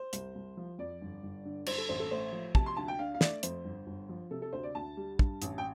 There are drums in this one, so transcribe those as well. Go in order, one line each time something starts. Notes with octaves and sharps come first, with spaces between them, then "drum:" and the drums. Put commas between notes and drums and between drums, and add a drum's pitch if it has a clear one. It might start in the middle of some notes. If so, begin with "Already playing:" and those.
Already playing: C5
C2, drum: hi-hat
C2
F3
F2 D5
G1
G1
D3
G2 C5, drum: cymbal
A4
A1 C5
A4
A3 C5
F3
C3 A5, drum: kick
C6
D2 A5
G5
D4 F5
F5
A3 D5, drum: snare
F2 C5, drum: hi-hat
G1
G1
F3
C3 A4
A4
D2 C5
D5
D2 A5
G3
G2, drum: kick
A1, drum: hi-hat
G5